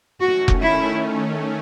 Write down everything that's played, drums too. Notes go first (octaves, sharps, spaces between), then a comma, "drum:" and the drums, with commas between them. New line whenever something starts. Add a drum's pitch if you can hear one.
D#3 A3 C#4 F#4
drum: kick F1
E4